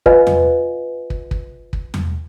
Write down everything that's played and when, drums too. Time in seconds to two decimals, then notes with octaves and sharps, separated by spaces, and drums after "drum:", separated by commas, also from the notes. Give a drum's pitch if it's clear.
0.06 F4 B4 D#5 F5 G#5, drum: kick
0.27 drum: tom E2
1.10 drum: kick
1.31 drum: kick
1.73 drum: kick
1.94 drum: tom E2